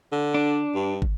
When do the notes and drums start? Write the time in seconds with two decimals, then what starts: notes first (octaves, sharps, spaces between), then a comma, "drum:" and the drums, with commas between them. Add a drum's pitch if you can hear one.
0.12 D3
0.34 D4
0.75 G2
1.02 drum: kick